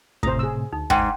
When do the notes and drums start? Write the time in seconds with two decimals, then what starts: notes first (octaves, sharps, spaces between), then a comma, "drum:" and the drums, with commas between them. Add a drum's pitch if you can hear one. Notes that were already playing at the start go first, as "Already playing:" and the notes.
0.23 A2 C3 C5 A#5 D#6, drum: kick
0.39 G#4 E6
0.73 D2 D#4
0.90 G#2 G5 G#5, drum: kick